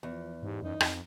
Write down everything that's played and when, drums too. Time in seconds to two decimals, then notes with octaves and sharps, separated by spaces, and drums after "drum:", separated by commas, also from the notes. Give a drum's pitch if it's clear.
0.03 E2 F3
0.43 G#2 G4
0.63 F#2 D#4
0.80 F2, drum: rim click